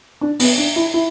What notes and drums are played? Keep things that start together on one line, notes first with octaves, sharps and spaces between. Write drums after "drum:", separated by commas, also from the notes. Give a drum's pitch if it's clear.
D4
B3, drum: open hi-hat
D4
E4
E4